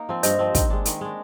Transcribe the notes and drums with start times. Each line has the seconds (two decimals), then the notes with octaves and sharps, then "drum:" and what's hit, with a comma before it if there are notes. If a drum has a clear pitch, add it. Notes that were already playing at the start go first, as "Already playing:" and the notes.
Already playing: A#3 D#4
0.09 F3 C4
0.23 G2 C5 D#5, drum: hi-hat
0.39 F3 C4
0.55 D#3, drum: kick, hi-hat
0.70 G#3 D4
0.85 D#3, drum: hi-hat
1.01 G#3 D4